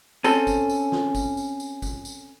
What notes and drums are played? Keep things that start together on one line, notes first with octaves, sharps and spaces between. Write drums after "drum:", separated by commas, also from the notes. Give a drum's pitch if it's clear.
C4 C#4 A4, drum: tambourine
drum: kick G#1, tambourine
drum: tambourine
drum: snare
drum: kick G#1, tambourine
drum: tambourine
drum: tambourine
drum: kick G#1, tambourine
drum: tambourine